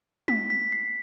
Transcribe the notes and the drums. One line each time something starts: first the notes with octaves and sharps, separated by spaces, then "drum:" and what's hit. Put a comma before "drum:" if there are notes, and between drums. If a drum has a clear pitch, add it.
B6, drum: tom
B6
C7